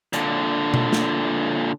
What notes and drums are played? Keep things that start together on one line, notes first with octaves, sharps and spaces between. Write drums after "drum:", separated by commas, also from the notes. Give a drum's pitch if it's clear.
A#2 D3, drum: hi-hat
drum: tom B2
drum: snare